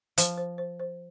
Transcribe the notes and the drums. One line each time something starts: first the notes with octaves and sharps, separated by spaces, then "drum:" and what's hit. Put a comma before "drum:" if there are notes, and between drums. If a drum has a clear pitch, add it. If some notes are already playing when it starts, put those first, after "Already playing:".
F3 C5, drum: hi-hat
C5
C5
C5